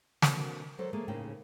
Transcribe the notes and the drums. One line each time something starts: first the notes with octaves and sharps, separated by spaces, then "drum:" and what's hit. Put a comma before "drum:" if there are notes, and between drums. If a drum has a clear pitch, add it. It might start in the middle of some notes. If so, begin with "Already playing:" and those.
B2 D3 A#3 C4 F#4, drum: snare
F#3 A4 A#4 C5
A3 A#3 G#4 A4
D#2 A2 C#3 A#3 C#5 G5